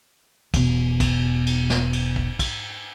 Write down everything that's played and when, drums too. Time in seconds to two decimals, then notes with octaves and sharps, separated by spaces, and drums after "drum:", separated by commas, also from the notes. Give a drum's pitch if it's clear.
0.54 E1 B2, drum: kick, cymbal
1.00 drum: kick, cymbal
1.47 drum: cymbal
1.70 drum: snare
1.93 drum: cymbal
2.16 drum: kick
2.39 drum: kick, cymbal